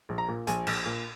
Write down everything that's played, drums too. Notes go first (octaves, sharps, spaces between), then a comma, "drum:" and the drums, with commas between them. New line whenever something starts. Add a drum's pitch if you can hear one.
A#1
A#5
A#2
A#1 G#5, drum: hi-hat
A#1, drum: cymbal
A#2